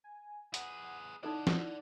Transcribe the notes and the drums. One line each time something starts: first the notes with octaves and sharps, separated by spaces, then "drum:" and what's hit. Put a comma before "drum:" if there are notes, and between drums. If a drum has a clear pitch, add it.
G#5
G#4 B4 F#5, drum: hi-hat
D#4 E4 A4 D5 D#5 F#5
drum: snare